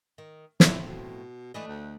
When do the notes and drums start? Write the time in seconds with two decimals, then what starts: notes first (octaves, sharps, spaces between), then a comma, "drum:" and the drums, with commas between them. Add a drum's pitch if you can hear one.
0.18 D#3
0.60 A2 F3 C4 E4, drum: snare
0.88 B2
1.54 E3 A3 D4 D#5
1.68 D2